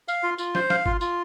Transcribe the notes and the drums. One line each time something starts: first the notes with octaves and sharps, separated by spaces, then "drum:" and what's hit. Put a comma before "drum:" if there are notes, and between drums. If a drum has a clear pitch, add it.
F5, drum: tambourine
F4
F4, drum: tambourine
C5, drum: snare
F5, drum: snare
F4, drum: kick G1
F4, drum: tambourine